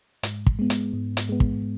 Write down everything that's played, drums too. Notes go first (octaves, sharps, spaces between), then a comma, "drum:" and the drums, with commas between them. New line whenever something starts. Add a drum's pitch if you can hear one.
G#2, drum: hi-hat
drum: kick
G#3 B3
drum: hi-hat
G#2
drum: hi-hat
G#3 B3
drum: kick